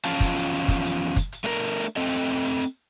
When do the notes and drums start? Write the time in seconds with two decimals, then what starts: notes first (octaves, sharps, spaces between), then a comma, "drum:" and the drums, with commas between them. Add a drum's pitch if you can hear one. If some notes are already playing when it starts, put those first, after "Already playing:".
0.04 E2 F3 C#4 F4 F5 A5, drum: hi-hat
0.20 drum: kick, hi-hat
0.36 drum: hi-hat
0.52 drum: hi-hat
0.68 drum: kick, hi-hat
0.84 drum: hi-hat
1.16 drum: kick, hi-hat
1.32 drum: hi-hat
1.44 A3 D4 A#4
1.64 drum: hi-hat
1.80 drum: hi-hat
1.96 A3 C4 A4 D#5
2.12 drum: hi-hat
2.44 drum: hi-hat
2.60 drum: hi-hat